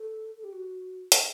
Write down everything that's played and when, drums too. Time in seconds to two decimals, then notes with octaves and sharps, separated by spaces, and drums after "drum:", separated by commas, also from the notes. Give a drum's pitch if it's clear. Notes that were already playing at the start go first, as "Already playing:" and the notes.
Already playing: A4
0.37 A4
0.44 G4
0.53 F#4
1.12 drum: hi-hat